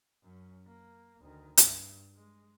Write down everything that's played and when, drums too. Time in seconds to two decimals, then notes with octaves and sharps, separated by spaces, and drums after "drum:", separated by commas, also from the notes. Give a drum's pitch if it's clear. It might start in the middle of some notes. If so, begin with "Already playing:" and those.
0.22 F#2 C#4
0.67 A#3
1.21 D2 D#3
1.57 G2, drum: hi-hat
2.15 G#3